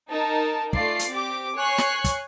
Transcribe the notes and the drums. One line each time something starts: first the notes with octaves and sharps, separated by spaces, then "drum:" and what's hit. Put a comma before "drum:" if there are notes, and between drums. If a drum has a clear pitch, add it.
D#4 A#4 A5
A3 F4 D5 C7, drum: kick
drum: hi-hat
C4 G4 D6
C#5 G#5 C#6 F#6 C7
drum: snare
drum: kick, hi-hat